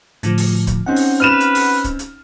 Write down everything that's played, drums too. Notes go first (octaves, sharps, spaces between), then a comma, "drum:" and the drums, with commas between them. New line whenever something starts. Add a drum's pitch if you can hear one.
A2 D3 F3, drum: hi-hat
drum: open hi-hat
drum: kick, hi-hat
C4 C#4 D#4 F#5
drum: open hi-hat
B4 F6 D#7 E7
drum: hi-hat
drum: open hi-hat
drum: kick, hi-hat
drum: hi-hat